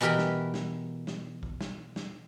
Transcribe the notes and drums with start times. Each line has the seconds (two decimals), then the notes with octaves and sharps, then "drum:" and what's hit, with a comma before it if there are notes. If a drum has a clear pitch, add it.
0.01 B2 E3 G4 A#4 G5 B5
0.18 drum: snare
0.54 drum: snare
1.07 drum: snare
1.43 drum: kick
1.61 drum: snare
1.96 drum: snare